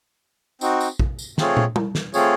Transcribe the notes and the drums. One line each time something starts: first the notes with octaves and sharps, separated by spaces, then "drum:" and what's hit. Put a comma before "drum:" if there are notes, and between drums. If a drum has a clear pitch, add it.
C4 D#4 F#4, drum: tambourine
drum: tambourine
drum: kick
drum: tambourine
A3 C4 F4 G#4 C#5, drum: snare
drum: tom
drum: tom G3
drum: snare
A3 C4 F4 G#4 C#5, drum: tambourine